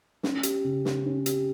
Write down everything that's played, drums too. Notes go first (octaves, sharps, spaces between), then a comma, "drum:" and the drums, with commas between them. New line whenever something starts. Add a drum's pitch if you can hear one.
C#4, drum: snare
G4, drum: hi-hat
C#3
C#4, drum: snare
C#4
G4, drum: hi-hat